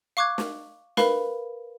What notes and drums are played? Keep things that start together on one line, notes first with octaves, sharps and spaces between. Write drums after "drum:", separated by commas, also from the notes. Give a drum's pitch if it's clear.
F5 C#6 D6 F#6 G#6
drum: snare
A#4 B4 F5 B5, drum: snare